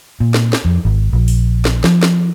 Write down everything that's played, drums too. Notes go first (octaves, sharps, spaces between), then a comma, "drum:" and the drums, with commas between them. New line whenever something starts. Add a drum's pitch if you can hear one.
A#2
drum: snare
drum: snare
F2
G#1
A#1
drum: open hi-hat
drum: snare
F3, drum: snare
drum: snare